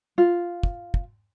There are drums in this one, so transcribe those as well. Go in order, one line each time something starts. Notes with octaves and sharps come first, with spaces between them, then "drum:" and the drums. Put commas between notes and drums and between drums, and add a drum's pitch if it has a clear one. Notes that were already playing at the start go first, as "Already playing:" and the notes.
F4
drum: kick
drum: kick